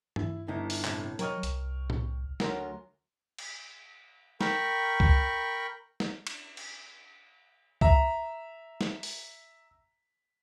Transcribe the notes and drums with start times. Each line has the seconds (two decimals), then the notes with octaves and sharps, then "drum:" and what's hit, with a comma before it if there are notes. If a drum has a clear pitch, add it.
0.16 E4, drum: tom G2
0.48 G1 D#4 E4
0.70 drum: open hi-hat
0.85 A2 C3, drum: clap
1.19 F#3 A#4 C#5 D#5 G5 C#6 F6, drum: hi-hat
1.43 C2, drum: hi-hat
1.90 drum: tom A2
2.40 D2 F#3 A#4 C6, drum: snare
3.38 drum: cymbal
4.41 A#4 G5 B5 C#6, drum: snare
5.00 drum: kick
6.00 drum: snare
6.27 drum: cymbal
6.57 drum: cymbal
7.81 E5 A#5, drum: kick
8.81 drum: snare
9.03 drum: open hi-hat